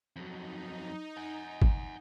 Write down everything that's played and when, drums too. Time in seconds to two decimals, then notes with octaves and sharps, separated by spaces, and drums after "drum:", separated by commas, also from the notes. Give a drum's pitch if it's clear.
0.16 F2 F#3 D#4
1.17 F#5 G#5
1.62 drum: kick